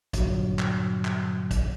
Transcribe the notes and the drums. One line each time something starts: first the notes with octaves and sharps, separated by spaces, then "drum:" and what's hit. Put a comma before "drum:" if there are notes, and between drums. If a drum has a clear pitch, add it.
G2 A#2 D3 F#3, drum: kick, hi-hat
drum: clap
drum: clap
drum: kick, hi-hat